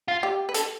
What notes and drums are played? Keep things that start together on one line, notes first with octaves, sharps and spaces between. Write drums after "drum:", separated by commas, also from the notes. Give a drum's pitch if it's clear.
F4
G4
B4
A4, drum: hi-hat